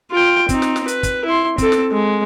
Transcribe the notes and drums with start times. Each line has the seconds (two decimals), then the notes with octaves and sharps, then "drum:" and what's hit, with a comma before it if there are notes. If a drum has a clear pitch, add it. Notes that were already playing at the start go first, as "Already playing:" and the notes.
0.11 F4 G5
0.49 C4 D#4, drum: kick, hi-hat
0.62 drum: snare
0.76 drum: snare
0.88 B4, drum: hi-hat
1.03 drum: kick, hi-hat
1.25 E4 C6
1.58 C4 A4, drum: kick, hi-hat
1.72 drum: snare
1.92 G#3